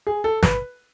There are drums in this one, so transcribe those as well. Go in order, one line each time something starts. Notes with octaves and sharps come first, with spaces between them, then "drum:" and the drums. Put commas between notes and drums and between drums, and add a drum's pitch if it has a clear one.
G#4
A4
B4, drum: snare